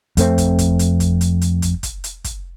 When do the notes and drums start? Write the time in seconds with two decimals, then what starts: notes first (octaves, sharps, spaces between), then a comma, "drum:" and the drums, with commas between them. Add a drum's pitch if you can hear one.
0.17 F2 A3 C4, drum: hi-hat
0.38 drum: kick, hi-hat
0.59 drum: kick, hi-hat
0.79 drum: hi-hat
1.00 drum: kick, hi-hat
1.21 drum: hi-hat
1.41 drum: hi-hat
1.62 drum: kick, hi-hat
1.83 drum: kick, hi-hat
2.04 drum: hi-hat
2.24 drum: kick, hi-hat